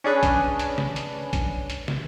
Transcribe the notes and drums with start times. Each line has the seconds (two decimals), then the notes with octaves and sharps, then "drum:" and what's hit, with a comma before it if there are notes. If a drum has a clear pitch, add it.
0.04 C#4 D4 G#4 B4
0.23 drum: kick, hi-hat
0.59 drum: hi-hat
0.78 drum: snare
0.96 drum: hi-hat
1.33 drum: kick, hi-hat
1.70 drum: hi-hat
1.88 drum: snare